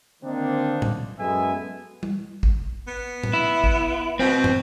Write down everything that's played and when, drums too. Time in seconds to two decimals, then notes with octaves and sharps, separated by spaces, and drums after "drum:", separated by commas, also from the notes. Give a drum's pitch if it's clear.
0.22 D3 D#3 A#3 C4 D4 D#4
0.82 drum: tom A2
1.18 F#2 G#3 B3 A4 E5 G#5
2.03 drum: tom
2.43 drum: kick
2.88 B3
3.24 drum: tom A2
3.33 E4
3.64 drum: kick
4.19 B2 C4
4.44 drum: tom